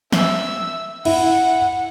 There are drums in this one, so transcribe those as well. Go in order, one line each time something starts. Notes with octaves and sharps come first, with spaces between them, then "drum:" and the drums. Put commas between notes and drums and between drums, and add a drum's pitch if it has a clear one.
E5 E6, drum: snare
E4 F#5, drum: cymbal